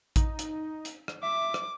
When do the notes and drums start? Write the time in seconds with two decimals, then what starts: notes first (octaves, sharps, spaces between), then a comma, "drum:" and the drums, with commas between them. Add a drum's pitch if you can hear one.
0.16 D#4, drum: kick A1, hi-hat
0.39 drum: hi-hat
0.85 drum: hi-hat
1.08 drum: rim click
1.23 E5 D6
1.54 drum: rim click